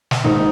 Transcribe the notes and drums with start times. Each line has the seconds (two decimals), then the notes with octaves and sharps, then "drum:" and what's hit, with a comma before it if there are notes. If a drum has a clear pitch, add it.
0.11 drum: snare
0.24 A#1 G#2 D#3 D#4